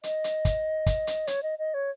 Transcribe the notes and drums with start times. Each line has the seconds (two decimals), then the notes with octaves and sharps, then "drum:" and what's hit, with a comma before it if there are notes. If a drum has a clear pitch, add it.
0.04 D#5, drum: hi-hat
0.24 drum: hi-hat
0.45 drum: kick, hi-hat
0.86 drum: kick, hi-hat
1.07 drum: hi-hat
1.27 C#5, drum: hi-hat
1.43 D#5
1.59 D#5
1.74 C#5